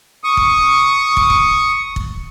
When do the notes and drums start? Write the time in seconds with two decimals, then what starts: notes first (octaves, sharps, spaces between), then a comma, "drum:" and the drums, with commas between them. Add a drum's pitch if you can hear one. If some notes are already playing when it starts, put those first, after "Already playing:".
0.24 C#6 D#6
0.37 drum: kick
1.17 drum: kick
1.30 drum: kick
1.96 drum: kick